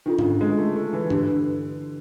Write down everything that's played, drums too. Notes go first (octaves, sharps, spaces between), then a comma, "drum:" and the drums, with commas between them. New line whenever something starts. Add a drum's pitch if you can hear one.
D#3 D4 F4 A4
C#3, drum: tom G#2
D3
G#3
A3
A3
E3
D3 D4 G4 B4, drum: tom G2